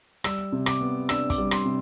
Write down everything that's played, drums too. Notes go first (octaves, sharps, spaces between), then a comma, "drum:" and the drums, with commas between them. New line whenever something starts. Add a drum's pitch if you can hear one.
G3 E6, drum: rim click
C3
D6, drum: rim click
B3
D4 E6, drum: rim click
D6, drum: kick, hi-hat
G3
C6, drum: rim click
C3